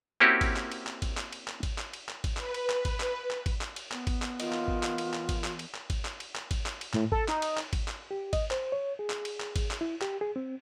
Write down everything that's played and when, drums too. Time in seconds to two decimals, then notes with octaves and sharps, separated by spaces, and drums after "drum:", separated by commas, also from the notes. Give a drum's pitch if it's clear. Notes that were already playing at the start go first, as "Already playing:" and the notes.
0.20 A#3 C4 C#4 E4 F#4 G4
0.41 drum: kick G#1, cymbal
0.56 drum: clap
0.72 drum: cymbal
0.87 drum: clap
1.02 drum: kick G#1, cymbal
1.17 drum: clap
1.33 drum: cymbal
1.48 drum: clap
1.63 drum: kick G#1, cymbal
1.78 drum: clap
1.93 drum: cymbal
2.09 drum: clap
2.24 drum: kick G#1, cymbal
2.37 B4, drum: clap
2.54 drum: cymbal
2.70 drum: clap
2.85 drum: kick G#1, cymbal
3.00 drum: clap
3.31 drum: clap
3.46 drum: kick G#1, cymbal
3.61 drum: clap
3.76 drum: cymbal
3.92 B3, drum: clap
4.07 drum: kick G#1, cymbal
4.22 drum: clap
4.40 E2 F4 A#4 D#5, drum: cymbal
4.53 drum: clap
4.68 drum: kick G#1
4.83 drum: clap
4.98 drum: cymbal
5.14 drum: clap
5.29 drum: kick G#1, cymbal
5.44 drum: clap
5.59 drum: cymbal
5.75 drum: clap
5.90 drum: kick G#1, cymbal
6.05 drum: clap
6.20 drum: cymbal
6.36 drum: clap
6.51 drum: kick G#1, cymbal
6.66 drum: clap
6.81 drum: cymbal
6.93 A2, drum: clap
7.12 A4, drum: kick G#1
7.28 D#4, drum: clap
7.42 drum: cymbal
7.57 drum: clap
7.73 drum: kick G#1, cymbal
7.88 drum: clap
8.11 G4
8.33 D#5, drum: kick G#1, cymbal
8.51 C5, drum: clap
8.72 C#5
8.99 G#4
9.10 drum: clap
9.25 drum: cymbal
9.40 drum: clap
9.56 drum: kick G#1, cymbal
9.71 drum: clap
9.81 E4
10.02 G4, drum: clap
10.21 G#4
10.36 C4